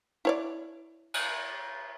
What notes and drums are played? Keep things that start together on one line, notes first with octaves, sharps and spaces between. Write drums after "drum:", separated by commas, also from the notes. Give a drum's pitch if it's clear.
E4 C#5 D5
drum: cymbal